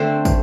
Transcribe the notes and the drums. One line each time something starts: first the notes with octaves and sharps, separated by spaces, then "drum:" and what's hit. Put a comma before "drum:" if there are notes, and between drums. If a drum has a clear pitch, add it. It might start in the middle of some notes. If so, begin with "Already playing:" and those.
Already playing: D3 A3 C4 C5
drum: kick, tambourine